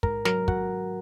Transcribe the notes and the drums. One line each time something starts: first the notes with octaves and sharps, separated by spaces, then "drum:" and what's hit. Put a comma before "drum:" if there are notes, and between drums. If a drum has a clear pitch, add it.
G#2 A#4 A#5, drum: kick
F#3 A#4 A#5, drum: snare
F#4 F#5, drum: kick